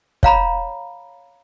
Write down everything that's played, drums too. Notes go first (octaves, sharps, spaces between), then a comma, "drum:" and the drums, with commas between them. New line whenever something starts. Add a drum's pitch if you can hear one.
C#5 F5 A#5 B5, drum: kick